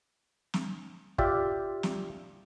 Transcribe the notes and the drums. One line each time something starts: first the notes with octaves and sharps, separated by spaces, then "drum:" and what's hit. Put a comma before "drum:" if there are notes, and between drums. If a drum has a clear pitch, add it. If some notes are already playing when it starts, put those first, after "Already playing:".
drum: snare
F4 G4 D5 E5, drum: kick
drum: snare